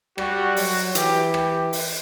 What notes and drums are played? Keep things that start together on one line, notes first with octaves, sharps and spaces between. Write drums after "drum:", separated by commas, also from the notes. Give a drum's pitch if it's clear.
G3 F#4, drum: rim click
F#3, drum: open hi-hat
E3 G4, drum: hi-hat
G4, drum: rim click
drum: open hi-hat